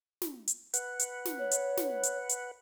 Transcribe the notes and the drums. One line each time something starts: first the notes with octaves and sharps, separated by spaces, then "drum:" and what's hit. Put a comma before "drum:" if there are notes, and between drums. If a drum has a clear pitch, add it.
drum: snare
drum: hi-hat
B4 F#5, drum: hi-hat
drum: hi-hat
drum: snare
C#5
drum: hi-hat
drum: snare
drum: hi-hat
drum: hi-hat